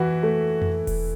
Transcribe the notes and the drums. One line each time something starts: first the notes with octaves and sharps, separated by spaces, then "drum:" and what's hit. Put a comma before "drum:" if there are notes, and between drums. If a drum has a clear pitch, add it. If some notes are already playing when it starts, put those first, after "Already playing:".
Already playing: E3 E4 F#4
A3
drum: tom F2
drum: kick E1, open hi-hat